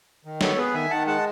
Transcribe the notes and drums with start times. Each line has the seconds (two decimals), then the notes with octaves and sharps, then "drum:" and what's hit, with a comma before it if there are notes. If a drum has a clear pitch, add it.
0.25 D#3
0.41 B3 A4 C#5, drum: snare
0.57 B3 G#4 B4
0.74 D#3 E5 G#5
0.90 D#3 F#5 A5
1.07 G#3 F#5 A5